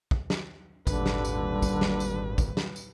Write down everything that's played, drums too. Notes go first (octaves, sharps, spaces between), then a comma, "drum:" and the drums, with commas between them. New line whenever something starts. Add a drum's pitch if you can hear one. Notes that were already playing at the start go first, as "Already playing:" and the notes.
drum: kick
drum: snare
G#1 D#2 A#2 D3 G3 B4, drum: kick, tambourine
drum: snare
drum: tambourine
drum: kick, tambourine
drum: snare
drum: tambourine
drum: kick, tambourine
drum: snare
drum: tambourine